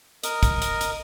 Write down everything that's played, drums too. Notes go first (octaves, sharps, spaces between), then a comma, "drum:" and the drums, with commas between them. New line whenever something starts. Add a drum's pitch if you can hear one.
A#4 D#5, drum: hi-hat
drum: kick, hi-hat
drum: hi-hat
drum: hi-hat